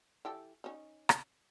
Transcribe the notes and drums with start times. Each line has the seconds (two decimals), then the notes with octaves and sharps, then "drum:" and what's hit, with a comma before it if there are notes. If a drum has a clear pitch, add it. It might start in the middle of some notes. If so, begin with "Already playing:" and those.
0.25 E3 G4 A4
0.64 C#4 D#4
1.09 drum: rim click